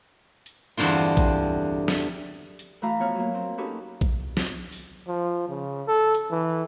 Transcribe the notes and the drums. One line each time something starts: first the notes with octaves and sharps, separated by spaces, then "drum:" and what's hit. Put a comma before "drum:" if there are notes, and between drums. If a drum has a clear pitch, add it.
drum: hi-hat
E2 G2 D3 C4 F4
drum: kick A#1, hi-hat
drum: snare
drum: hi-hat
E3 A3 F#4 F5 A#5 B5
F3 B3 C#5 F#5 F6
F#3 A#3
C4
C#4 D#4 F#4 G4 A4 B4
drum: kick A#1
drum: snare
drum: open hi-hat
F3
C#3
A4
drum: hi-hat
E3